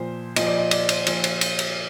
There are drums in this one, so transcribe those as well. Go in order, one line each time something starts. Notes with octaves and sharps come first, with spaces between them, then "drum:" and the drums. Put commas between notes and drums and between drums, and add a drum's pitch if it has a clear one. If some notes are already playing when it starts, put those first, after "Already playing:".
Already playing: A#2 F3 C5
A#2 F3 D#5, drum: cymbal
D5
D#5
D5, drum: cymbal
drum: cymbal
A#2 F3, drum: cymbal
drum: cymbal
drum: cymbal
drum: cymbal